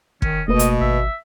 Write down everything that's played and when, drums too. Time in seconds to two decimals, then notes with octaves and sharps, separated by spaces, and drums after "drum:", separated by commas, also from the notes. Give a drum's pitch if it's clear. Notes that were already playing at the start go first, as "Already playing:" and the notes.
0.22 D#3 C#4, drum: kick
0.48 F#1 B2 A3 A#3 B4 D#5
0.59 drum: hi-hat
0.81 G#1 E5